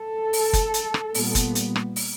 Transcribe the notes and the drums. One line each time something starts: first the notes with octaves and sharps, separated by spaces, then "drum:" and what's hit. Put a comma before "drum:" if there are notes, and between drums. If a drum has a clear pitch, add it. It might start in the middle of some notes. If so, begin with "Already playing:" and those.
Already playing: A4
drum: open hi-hat
drum: kick, hi-hat
drum: hi-hat
drum: rim click
A#2 G3 B3, drum: open hi-hat
drum: kick, hi-hat
drum: hi-hat
drum: rim click
drum: open hi-hat